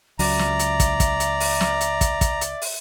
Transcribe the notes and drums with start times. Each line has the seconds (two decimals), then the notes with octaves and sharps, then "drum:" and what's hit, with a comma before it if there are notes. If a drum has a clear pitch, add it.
0.19 C#2 F#3 D5 E5 A#5, drum: open hi-hat
0.39 drum: snare
0.59 drum: hi-hat
0.80 drum: kick, hi-hat
1.00 drum: kick, hi-hat
1.20 drum: hi-hat
1.40 drum: open hi-hat
1.61 drum: snare
1.81 drum: hi-hat
2.01 drum: kick, hi-hat
2.21 drum: kick, hi-hat
2.41 drum: hi-hat
2.62 drum: open hi-hat